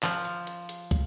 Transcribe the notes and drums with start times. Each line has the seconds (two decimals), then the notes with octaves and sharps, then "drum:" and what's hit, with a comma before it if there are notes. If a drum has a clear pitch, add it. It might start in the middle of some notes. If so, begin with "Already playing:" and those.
0.03 F3, drum: clap
0.25 drum: hi-hat
0.47 drum: hi-hat
0.69 drum: hi-hat
0.91 drum: kick, hi-hat